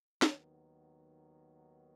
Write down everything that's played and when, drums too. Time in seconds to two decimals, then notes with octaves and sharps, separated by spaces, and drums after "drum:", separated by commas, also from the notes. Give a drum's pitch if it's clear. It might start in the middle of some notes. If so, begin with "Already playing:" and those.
0.22 D#2 D#3 F#3 B3, drum: snare